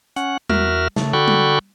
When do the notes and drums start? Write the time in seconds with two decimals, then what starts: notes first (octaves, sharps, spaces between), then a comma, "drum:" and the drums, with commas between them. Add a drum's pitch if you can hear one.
0.16 C#4 F#5, drum: hi-hat
0.50 E2 F#4 A#4 E5 F6, drum: tom G3
0.96 C#3 A3, drum: snare
1.13 D3 F#4 A4 G5 B5 C#6
1.28 drum: tom G3